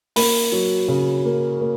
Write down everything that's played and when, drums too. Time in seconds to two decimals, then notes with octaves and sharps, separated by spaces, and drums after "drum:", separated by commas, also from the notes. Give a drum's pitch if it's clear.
0.16 A#3 B5, drum: open hi-hat
0.52 F#3
0.88 C#3
1.25 A#3
1.61 A#3